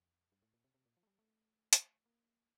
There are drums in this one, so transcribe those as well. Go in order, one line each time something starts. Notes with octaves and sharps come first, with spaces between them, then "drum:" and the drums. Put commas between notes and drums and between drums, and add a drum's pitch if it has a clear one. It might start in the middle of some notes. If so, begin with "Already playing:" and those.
Already playing: F2
G2
A2
A#2
C3
C3
A#2
F3
A3
G3
A3
drum: hi-hat
A#3